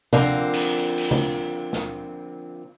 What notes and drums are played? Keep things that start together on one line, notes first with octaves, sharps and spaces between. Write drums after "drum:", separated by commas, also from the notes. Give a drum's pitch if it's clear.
D3 F3 A#3 C4, drum: tom C3
drum: cymbal
drum: cymbal
drum: tom C#3
drum: snare